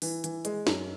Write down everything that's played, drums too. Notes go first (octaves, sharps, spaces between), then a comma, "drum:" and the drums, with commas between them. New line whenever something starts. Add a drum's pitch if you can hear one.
E3, drum: open hi-hat
E3, drum: hi-hat
G#3, drum: hi-hat
F#2, drum: snare